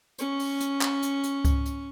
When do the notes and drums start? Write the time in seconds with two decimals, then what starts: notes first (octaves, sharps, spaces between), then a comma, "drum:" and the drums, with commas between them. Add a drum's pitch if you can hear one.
0.18 C#4 C#6, drum: hi-hat
0.39 drum: open hi-hat
0.60 drum: hi-hat
0.81 drum: clap
1.02 drum: hi-hat
1.24 drum: hi-hat
1.45 drum: kick C#2, hi-hat
1.66 drum: hi-hat